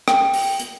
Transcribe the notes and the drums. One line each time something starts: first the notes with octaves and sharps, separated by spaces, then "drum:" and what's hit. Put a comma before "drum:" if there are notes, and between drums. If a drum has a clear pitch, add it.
G5, drum: rim click
drum: open hi-hat
drum: hi-hat